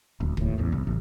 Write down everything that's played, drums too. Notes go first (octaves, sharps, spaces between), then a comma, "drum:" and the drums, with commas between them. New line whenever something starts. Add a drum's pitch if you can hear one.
D#1 D2
D#2 A2, drum: kick
A1 E2
C2
A1